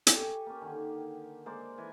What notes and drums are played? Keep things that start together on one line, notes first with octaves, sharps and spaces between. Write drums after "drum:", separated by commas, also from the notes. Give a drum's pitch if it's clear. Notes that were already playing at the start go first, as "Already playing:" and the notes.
G4 A4 G#5 C#6, drum: hi-hat
A#3 C#4
D3 D#3
G#3 A#3 C5 D5
E3 G#5